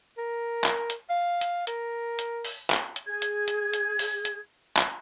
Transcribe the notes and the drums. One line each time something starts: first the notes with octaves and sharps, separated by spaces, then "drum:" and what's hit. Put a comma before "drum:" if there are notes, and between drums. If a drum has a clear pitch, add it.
A#4
drum: clap
drum: hi-hat
F5
drum: hi-hat
A#4, drum: hi-hat
drum: hi-hat
drum: open hi-hat
drum: clap
drum: hi-hat
G#4 G#6
drum: hi-hat
drum: hi-hat
drum: hi-hat
drum: open hi-hat
drum: hi-hat
drum: clap